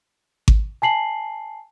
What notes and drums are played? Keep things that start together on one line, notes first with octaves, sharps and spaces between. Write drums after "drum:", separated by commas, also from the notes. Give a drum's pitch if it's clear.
drum: kick G#1
G#5 A5 C7 F#7